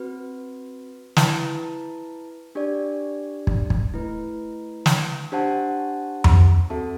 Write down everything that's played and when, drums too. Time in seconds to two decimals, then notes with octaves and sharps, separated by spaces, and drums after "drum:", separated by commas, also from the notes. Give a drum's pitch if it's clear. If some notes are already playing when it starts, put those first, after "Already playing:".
Already playing: C4 F#4 B4
1.17 E4 B4 E5 A5, drum: snare
2.55 D4 G4 D5
3.47 drum: kick
3.70 drum: kick
3.94 A3 E4 B4
4.86 drum: snare
5.32 D4 G4 C5 F#5 A5
6.24 drum: tom F2
6.70 C4 F#4 A4 E5 A5